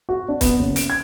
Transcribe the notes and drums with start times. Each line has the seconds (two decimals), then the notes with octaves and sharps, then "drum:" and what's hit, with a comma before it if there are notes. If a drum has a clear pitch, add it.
0.09 F#4
0.28 D4
0.41 B3, drum: kick, hi-hat
0.59 F#1
0.76 D7, drum: hi-hat
0.90 G#6